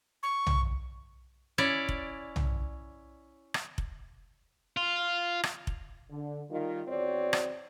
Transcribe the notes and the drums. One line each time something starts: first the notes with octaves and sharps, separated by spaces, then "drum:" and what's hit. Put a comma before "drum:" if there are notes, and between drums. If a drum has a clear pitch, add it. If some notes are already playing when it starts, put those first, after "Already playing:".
C#6
drum: tom B1
C#4 E4 C#5 D5
drum: kick F1
drum: tom B1
drum: rim click
drum: kick F1
F4
drum: rim click
drum: kick F1
D3
D#3 G3 F4
E2 C4 F#4 C#5 D5
drum: rim click